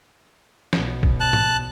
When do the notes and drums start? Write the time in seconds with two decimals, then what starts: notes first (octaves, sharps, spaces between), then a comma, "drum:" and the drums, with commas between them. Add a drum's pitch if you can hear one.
0.73 B1 B2, drum: snare
1.03 drum: kick
1.20 A5 F#6
1.33 drum: tom G#2